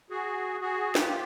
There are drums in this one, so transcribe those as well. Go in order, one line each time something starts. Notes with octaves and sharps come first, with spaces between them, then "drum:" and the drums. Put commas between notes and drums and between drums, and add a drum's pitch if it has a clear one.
F#4 G#4
F#4 G#4
F4 G4, drum: snare